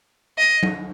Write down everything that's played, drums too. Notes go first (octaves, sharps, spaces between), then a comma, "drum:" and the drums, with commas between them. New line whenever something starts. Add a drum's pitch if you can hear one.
D#5
drum: tom F#3